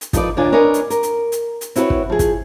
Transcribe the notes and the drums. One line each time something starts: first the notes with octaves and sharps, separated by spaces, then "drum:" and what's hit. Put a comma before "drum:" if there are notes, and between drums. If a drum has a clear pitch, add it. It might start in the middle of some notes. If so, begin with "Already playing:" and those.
drum: hi-hat
F3 D#4 A4 B4 D5, drum: kick, hi-hat
D#2 A#2 D4 F4 G#5
D4 A#4 B4 C#5 D#5 G#5
drum: hi-hat
A#4, drum: hi-hat
drum: hi-hat
drum: hi-hat
drum: hi-hat
C4 E4 F#4 G#4 B4 C#5, drum: hi-hat
drum: kick
F3 G#4
drum: kick, hi-hat